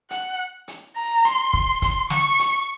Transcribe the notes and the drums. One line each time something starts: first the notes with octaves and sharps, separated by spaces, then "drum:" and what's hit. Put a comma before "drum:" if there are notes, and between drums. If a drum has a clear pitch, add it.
F#5, drum: hi-hat
drum: hi-hat
A#5
C6, drum: hi-hat
drum: kick
drum: kick, hi-hat
C#6, drum: snare
drum: hi-hat